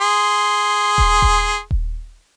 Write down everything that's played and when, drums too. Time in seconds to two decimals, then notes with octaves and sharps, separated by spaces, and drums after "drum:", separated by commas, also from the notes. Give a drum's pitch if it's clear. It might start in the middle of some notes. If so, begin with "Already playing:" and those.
0.01 G#4 C6
0.98 drum: kick D#1
1.22 drum: kick D#1
1.71 drum: kick D#1